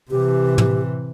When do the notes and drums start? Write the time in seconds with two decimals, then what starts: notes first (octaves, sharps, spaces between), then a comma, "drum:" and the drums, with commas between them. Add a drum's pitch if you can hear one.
0.11 C3 E3 G4
0.58 drum: tom